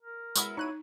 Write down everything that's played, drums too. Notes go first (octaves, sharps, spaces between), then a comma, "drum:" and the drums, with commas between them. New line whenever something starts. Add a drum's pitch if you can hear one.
A#4
F#3 G#3 B3 E4 F#4 G#4, drum: tambourine
D#4 C#5 C#6 F#6 D#7